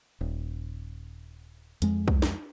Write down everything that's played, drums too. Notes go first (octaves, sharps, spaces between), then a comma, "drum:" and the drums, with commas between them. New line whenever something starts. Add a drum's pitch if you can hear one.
D#1
F2 G#3, drum: hi-hat
drum: kick
drum: snare